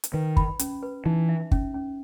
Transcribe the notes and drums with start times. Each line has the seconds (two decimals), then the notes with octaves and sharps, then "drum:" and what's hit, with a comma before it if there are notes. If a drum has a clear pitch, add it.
0.04 drum: hi-hat
0.13 D#3 B4
0.37 B5, drum: kick
0.59 C#4, drum: hi-hat
0.83 B4
1.06 E3 D#4
1.29 E5
1.51 C#4, drum: kick
1.74 C#4